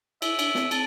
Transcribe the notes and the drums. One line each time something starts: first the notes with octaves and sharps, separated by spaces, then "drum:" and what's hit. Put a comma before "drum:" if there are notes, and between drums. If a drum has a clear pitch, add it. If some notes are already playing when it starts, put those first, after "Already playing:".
E4 E5, drum: cymbal
D4, drum: cymbal
C4, drum: snare
C4 A5, drum: cymbal